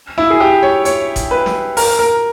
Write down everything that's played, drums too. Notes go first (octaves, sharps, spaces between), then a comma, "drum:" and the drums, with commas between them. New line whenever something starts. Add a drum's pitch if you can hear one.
E4
G#4
G4
C#5
C#5, drum: hi-hat
drum: kick F#1, hi-hat
B4
drum: snare
A#4, drum: open hi-hat
A#4